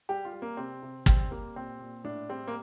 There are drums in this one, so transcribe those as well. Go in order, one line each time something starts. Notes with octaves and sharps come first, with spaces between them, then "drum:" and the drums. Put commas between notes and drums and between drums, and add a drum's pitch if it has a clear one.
G3 G4
F4
G3
A#3
C3 C4
C3
G3 C4, drum: kick
G3 A#3
A#2 C4
A#2
A2 D4
G3 C4
A#3